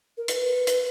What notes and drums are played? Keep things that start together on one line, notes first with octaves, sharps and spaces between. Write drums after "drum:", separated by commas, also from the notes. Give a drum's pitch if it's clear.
A#4
B4, drum: hi-hat
drum: hi-hat